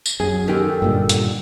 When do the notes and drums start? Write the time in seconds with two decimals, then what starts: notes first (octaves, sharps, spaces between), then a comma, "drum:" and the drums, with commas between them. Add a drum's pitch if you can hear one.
0.06 drum: tambourine
0.20 F#2 F#3 G#4
0.48 D#3 G4 A4
0.82 G2 A#2 D3
1.09 drum: hi-hat